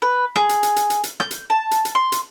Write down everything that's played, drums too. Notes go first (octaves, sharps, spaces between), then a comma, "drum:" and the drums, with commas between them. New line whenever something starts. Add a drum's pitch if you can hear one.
B4
G#4, drum: rim click
drum: hi-hat
drum: hi-hat
drum: hi-hat
drum: hi-hat
drum: hi-hat
G6, drum: rim click
drum: hi-hat
A5
drum: hi-hat
drum: hi-hat
C6
drum: hi-hat